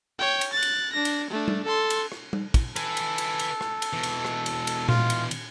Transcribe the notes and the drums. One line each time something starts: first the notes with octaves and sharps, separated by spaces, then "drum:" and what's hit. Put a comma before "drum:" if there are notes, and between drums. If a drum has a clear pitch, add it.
C#5 G5
drum: cymbal
F#6 A6
drum: cymbal
D4 A#6
drum: cymbal
A3 D4
drum: tom G3
A4 C6
drum: cymbal
drum: rim click
drum: tom G3
drum: kick, cymbal
A4 B4 G#5, drum: cymbal
drum: cymbal
drum: cymbal
drum: cymbal
drum: rim click
drum: cymbal
B2 E3
drum: cymbal
drum: rim click
drum: cymbal
drum: cymbal
F4, drum: tom A#2
drum: cymbal
drum: cymbal